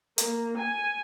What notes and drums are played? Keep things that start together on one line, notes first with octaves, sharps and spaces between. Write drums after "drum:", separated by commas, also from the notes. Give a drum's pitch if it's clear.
A#3, drum: hi-hat
G#5